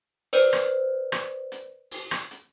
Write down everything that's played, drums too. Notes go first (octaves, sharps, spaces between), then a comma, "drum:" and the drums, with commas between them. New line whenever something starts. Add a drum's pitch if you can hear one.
B4 C5 D5, drum: open hi-hat
drum: rim click
drum: rim click
drum: hi-hat
drum: open hi-hat
drum: rim click
drum: hi-hat